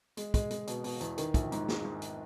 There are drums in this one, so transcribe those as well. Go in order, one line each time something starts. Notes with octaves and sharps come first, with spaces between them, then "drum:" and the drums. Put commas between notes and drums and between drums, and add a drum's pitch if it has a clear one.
G#3, drum: hi-hat
G#3, drum: kick, hi-hat
G#3, drum: hi-hat
B2, drum: hi-hat
B2, drum: open hi-hat
E2, drum: hi-hat
D#3, drum: hi-hat
A#1, drum: kick, hi-hat
G#2, drum: hi-hat
G#3, drum: snare
G#2
drum: hi-hat